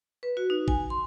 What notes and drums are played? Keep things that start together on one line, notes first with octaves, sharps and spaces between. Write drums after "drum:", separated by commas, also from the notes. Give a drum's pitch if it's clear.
B4
F#4
D#4
G#5, drum: kick G#1
C6